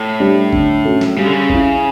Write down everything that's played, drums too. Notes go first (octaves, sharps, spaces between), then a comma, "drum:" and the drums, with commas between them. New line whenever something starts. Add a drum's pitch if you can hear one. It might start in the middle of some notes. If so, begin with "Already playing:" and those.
Already playing: A2
G3 D4
D3, drum: kick
A3 C#4 F#4 A4
drum: snare F#3
C#3 G3
D3
C#3
C#4, drum: kick
E4